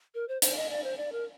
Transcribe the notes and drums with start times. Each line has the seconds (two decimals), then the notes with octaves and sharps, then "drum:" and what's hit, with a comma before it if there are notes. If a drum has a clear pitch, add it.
0.15 A#4
0.28 C5
0.42 C5, drum: hi-hat
0.56 D#5
0.70 D5
0.84 C5
0.97 D5
1.12 A#4